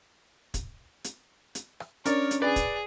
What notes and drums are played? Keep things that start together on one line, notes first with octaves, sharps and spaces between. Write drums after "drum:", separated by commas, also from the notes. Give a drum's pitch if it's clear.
drum: kick, hi-hat
drum: hi-hat
drum: hi-hat
drum: rim click
C#4 D4 A#4 C#5 D5, drum: hi-hat
drum: hi-hat
G#4 B4 D5
drum: kick, hi-hat